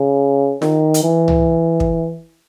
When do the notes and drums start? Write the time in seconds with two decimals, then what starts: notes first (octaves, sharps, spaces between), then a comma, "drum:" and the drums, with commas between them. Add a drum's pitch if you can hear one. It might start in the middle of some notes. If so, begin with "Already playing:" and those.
Already playing: C#3
0.62 D#3, drum: snare F4
0.94 drum: hi-hat
1.03 E3
1.28 drum: tom C2
1.80 drum: kick